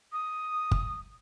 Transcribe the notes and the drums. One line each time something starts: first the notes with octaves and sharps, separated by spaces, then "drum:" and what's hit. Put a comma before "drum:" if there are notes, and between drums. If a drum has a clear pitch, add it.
D#6
drum: kick G1